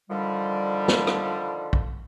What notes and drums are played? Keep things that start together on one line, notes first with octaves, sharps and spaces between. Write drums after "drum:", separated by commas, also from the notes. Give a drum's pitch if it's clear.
D3 D#3 F3 G3
drum: snare
drum: rim click
drum: kick A#1